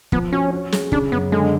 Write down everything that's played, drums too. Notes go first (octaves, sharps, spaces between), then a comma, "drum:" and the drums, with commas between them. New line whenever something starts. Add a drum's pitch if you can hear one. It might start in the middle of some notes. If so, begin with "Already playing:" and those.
F3 B3, drum: kick
C#4 F#4
C#4
G#4, drum: snare
C#3 D4, drum: kick
F#2 B3
D3 G#3